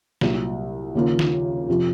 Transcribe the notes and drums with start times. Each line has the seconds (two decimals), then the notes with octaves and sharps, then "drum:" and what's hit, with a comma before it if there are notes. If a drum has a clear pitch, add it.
0.21 C2 A#2 F#3, drum: snare D#4
0.95 D#2 C#3 F3 A#3 F4
1.19 drum: snare D#4
1.68 F2 C3 F3